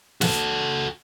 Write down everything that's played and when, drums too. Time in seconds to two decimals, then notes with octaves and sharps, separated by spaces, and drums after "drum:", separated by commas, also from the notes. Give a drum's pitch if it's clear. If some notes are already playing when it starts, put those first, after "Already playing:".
0.21 F#4 A4, drum: snare